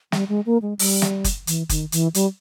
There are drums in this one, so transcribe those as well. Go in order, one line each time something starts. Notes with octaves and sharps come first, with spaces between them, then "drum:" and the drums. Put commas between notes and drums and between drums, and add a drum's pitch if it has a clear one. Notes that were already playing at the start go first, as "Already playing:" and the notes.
G3, drum: snare
G#3
A#3
G#3
G3, drum: open hi-hat
drum: snare
drum: kick F#1, hi-hat
E3, drum: hi-hat
D#3, drum: kick F#1, hi-hat
E3, drum: hi-hat
G3, drum: hi-hat